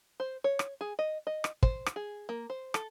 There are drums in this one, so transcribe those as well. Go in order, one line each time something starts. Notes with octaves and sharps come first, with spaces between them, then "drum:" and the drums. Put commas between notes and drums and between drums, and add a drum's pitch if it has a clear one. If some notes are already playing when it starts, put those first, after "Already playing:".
C5
C#5
drum: rim click
G#4
D#5
D#5
drum: rim click
C5, drum: kick
drum: rim click
G#4
A#3
C5
A4, drum: rim click